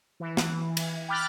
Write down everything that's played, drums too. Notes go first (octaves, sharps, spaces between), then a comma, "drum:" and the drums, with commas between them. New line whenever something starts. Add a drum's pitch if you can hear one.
E3
drum: snare
drum: cymbal
G5 B5 D6 F6 F#6 A6